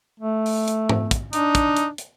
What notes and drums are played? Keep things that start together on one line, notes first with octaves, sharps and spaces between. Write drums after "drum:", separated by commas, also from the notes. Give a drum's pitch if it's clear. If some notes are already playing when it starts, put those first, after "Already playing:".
A3
drum: open hi-hat
drum: hi-hat
drum: tom G#2
drum: kick, hi-hat
D4 D#4, drum: hi-hat
drum: kick, hi-hat
drum: hi-hat
drum: hi-hat